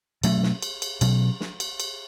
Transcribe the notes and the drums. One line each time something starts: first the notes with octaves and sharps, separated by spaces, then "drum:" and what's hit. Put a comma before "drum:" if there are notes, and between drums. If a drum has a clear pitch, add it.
B2 F#3 A3 C#4, drum: cymbal
drum: snare
drum: cymbal
drum: cymbal
B2 F#3 C#4, drum: cymbal
drum: snare
drum: cymbal
drum: cymbal